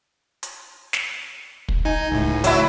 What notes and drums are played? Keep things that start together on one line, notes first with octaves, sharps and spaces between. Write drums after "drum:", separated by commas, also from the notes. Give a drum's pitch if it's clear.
drum: hi-hat
drum: snare
drum: kick
D#4 G#5
C#2 A2
F#3 E4, drum: hi-hat